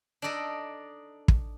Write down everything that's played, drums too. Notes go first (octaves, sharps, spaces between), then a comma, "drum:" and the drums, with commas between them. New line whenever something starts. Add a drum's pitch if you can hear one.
D4 D#4 A4 D5 D#5
drum: kick